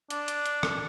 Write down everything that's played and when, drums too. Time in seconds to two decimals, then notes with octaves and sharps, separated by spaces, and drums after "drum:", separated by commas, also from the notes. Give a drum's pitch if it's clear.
0.10 D4, drum: hi-hat
0.28 drum: hi-hat
0.46 drum: hi-hat
0.63 drum: rim click